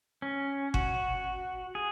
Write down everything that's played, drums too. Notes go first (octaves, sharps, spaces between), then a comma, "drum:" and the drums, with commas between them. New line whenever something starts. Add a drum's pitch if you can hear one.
C#4
F#4, drum: kick G1
G#4